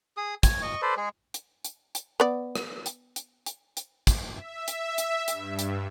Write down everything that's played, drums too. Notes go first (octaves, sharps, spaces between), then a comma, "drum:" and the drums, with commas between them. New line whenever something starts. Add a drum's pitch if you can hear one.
G#4 D#6
C#5, drum: kick, hi-hat
D#5 C#6
A4 B4 C5 D5
G#3 G#4
drum: hi-hat
drum: hi-hat
drum: hi-hat
B3 D5
drum: rim click
drum: hi-hat
drum: hi-hat
drum: hi-hat
drum: hi-hat
drum: kick, hi-hat
E5
drum: hi-hat
drum: hi-hat
G2, drum: hi-hat
drum: hi-hat